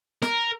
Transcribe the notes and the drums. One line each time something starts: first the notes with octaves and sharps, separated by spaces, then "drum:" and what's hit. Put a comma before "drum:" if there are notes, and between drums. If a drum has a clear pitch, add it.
A#4, drum: snare